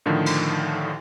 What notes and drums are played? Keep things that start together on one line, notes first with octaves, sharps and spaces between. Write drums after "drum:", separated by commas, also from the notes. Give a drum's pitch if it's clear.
A2 D3 D#3 F3
drum: cymbal